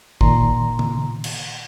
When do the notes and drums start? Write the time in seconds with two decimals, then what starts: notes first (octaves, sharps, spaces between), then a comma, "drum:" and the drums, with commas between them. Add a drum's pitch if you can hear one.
0.21 A#2 D#3 A#5 C6, drum: kick
0.79 drum: tom C#3
1.24 drum: cymbal